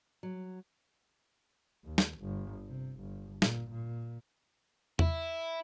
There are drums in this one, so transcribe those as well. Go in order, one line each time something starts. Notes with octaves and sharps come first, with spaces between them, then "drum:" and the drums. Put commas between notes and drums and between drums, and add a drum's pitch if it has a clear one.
F#3
D#2
drum: snare
G1
C3
G1
A#2, drum: snare
A#2
E4, drum: tom E2